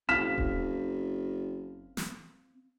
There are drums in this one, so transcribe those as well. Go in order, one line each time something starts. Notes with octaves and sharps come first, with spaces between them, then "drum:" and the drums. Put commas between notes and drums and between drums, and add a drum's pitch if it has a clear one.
F#1 C4 E4 F5 F6 B6 E7
drum: kick D#1
drum: snare